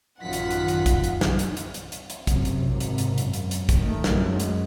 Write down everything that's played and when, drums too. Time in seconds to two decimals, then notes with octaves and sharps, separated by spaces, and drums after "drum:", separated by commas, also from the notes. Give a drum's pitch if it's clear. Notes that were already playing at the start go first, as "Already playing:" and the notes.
0.22 A1 F#2 D#3 F4 F#5 B6
0.33 drum: hi-hat
0.51 drum: hi-hat
0.68 drum: hi-hat
0.86 drum: kick, hi-hat
1.04 drum: hi-hat
1.21 drum: snare
1.39 drum: hi-hat
1.57 drum: hi-hat
1.74 drum: hi-hat
1.92 drum: hi-hat
2.10 drum: hi-hat
2.27 F#2 C3, drum: kick, hi-hat
2.45 drum: hi-hat
2.68 G#1 C3
2.80 drum: hi-hat
2.98 drum: hi-hat
3.18 F#2, drum: hi-hat
3.33 drum: hi-hat
3.51 drum: hi-hat
3.69 drum: kick, hi-hat
3.80 D#3 A3
4.04 drum: snare
4.15 F#2 G#3
4.40 drum: hi-hat